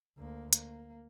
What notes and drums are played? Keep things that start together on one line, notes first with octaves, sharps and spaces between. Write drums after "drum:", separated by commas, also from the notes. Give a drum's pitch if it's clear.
D2 A#3
A#3, drum: hi-hat